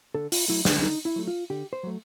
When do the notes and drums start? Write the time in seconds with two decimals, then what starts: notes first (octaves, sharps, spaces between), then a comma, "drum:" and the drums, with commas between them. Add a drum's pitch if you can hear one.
0.15 D3 A4
0.32 F4, drum: open hi-hat
0.48 F#3 A3 E4
0.65 D4, drum: snare
0.82 D3 D#4
1.05 E4
1.16 F#3 A3
1.27 F4
1.50 D3 G4
1.73 C5
1.83 F#3 A3